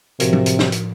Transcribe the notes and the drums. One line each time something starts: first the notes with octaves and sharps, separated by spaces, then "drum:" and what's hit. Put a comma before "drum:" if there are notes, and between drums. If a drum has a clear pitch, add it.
A2 C3 F3 F#4 A#4, drum: hi-hat
drum: tom F#3
drum: hi-hat
drum: snare
drum: hi-hat